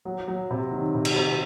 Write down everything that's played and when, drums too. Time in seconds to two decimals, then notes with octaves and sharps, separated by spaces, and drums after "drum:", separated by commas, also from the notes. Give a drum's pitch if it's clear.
0.05 F#3
0.28 F#3
0.51 C3
0.71 D#3
0.94 C3
1.05 drum: cymbal
1.16 C3